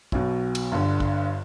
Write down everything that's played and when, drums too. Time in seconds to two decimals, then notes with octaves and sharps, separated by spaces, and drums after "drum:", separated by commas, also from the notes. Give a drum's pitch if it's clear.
0.12 B1 B2, drum: kick
0.55 drum: cymbal
0.72 G1 G2 D3
1.00 drum: kick